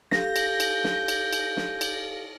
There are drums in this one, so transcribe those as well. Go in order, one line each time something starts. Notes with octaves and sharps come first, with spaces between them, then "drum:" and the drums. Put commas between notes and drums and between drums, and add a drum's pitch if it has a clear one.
G4 A4 F5 G6 A#6, drum: snare
drum: cymbal
drum: cymbal
drum: snare
drum: cymbal
drum: cymbal
drum: snare
drum: cymbal